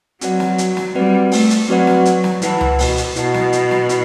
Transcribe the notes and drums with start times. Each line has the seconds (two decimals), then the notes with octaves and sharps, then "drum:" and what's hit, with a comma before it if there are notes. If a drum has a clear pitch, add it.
0.21 F#3 C4 F#4 B4 D5 F#5, drum: hi-hat
0.40 drum: snare
0.58 drum: hi-hat
0.77 drum: snare
0.95 G3 C4 F#4 B4 D5 F#5
1.32 A3, drum: open hi-hat
1.50 drum: hi-hat
1.69 F#3 C4 F#4 B4 D5 F#5
1.87 drum: snare
2.05 drum: hi-hat
2.24 drum: snare
2.42 E3 E4 B4 F#5 A5, drum: hi-hat
2.61 drum: tom C#2
2.79 B2, drum: open hi-hat
2.97 drum: hi-hat
3.16 B2 E4 B4 F#5 A5, drum: hi-hat
3.34 drum: snare
3.53 drum: hi-hat
3.71 drum: snare
3.89 E4, drum: hi-hat